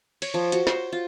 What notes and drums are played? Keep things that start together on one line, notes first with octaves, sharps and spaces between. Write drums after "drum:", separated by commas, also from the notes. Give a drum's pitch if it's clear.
C#5, drum: cymbal
F3
F#4, drum: hi-hat
C5, drum: snare
F4